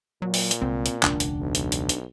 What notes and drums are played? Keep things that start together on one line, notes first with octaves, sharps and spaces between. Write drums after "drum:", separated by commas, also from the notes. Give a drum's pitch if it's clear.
A#2 F#3
drum: open hi-hat
drum: hi-hat
C2 G#3 C4
drum: hi-hat
E1 C#2 D4, drum: clap
drum: hi-hat
B1
drum: hi-hat
drum: hi-hat
drum: hi-hat